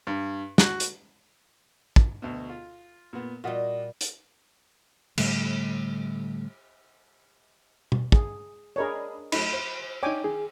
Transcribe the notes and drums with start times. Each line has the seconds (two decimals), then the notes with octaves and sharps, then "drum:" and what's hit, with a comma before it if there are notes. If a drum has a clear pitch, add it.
0.07 G2
0.58 F#4, drum: snare
0.80 drum: hi-hat
1.96 drum: kick
2.22 D2 B2
2.49 F4
3.13 A#2 B3
3.44 A#2 G3 F4 F#4 D#5
4.01 drum: hi-hat
5.18 A2 D3 G3 A3, drum: cymbal
7.92 drum: tom B2
8.12 G#4, drum: kick
8.76 D4 G#4 A#4 C#5 D#5 B5
9.32 F#3 A3 D#4 B5, drum: cymbal
9.53 C5
10.03 D4 D#4 C#5 G5 G#5 D6
10.24 D#3 G#4